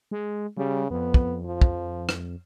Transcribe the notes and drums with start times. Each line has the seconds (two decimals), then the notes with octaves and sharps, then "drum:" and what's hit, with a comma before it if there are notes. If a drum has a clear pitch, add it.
0.11 G#3
0.57 C#3 G3
0.91 F2 B3
1.14 drum: kick
1.46 F3
1.61 drum: kick
2.09 drum: rim click